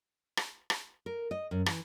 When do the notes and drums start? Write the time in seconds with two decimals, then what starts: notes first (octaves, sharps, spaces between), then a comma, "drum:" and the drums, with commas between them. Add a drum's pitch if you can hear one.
0.37 drum: rim click
0.70 drum: rim click
1.06 A#4
1.31 D#5
1.51 F#2
1.66 E3, drum: rim click